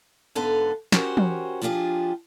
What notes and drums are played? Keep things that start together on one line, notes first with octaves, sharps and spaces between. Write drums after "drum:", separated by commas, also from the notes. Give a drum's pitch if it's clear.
G#2 D3 B3 A4 B4 F5
C#4 F#4 G4 A#4 C5, drum: snare
drum: tom
F3 D4 F4 G4 G#4